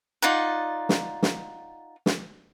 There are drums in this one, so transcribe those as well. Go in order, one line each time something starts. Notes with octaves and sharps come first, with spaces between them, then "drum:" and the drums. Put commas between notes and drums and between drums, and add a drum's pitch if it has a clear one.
D#4 F4 D5 F#5
drum: snare
drum: snare
drum: snare